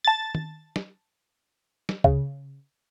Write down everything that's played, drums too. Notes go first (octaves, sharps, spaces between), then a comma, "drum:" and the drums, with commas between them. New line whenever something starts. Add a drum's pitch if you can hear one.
A5 A6
drum: tom
drum: snare
drum: snare
C#3, drum: kick C#2